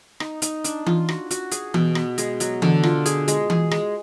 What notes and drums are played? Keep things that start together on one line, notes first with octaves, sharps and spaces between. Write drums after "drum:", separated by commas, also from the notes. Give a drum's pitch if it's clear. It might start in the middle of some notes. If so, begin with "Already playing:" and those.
D#4, drum: rim click
D#4, drum: hi-hat
D4, drum: hi-hat
F4, drum: tom E3
F#4, drum: rim click
F#4, drum: hi-hat
G#4, drum: hi-hat
B2, drum: tom E3
B3, drum: rim click
G#3, drum: hi-hat
F#3, drum: hi-hat
D3, drum: tom E3
F4, drum: rim click
G#4, drum: hi-hat
G#3, drum: hi-hat
G#4, drum: tom E3
G#3, drum: rim click